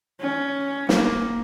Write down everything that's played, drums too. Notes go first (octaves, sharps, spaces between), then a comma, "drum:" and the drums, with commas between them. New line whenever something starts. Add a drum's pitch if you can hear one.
C#4
A#3, drum: snare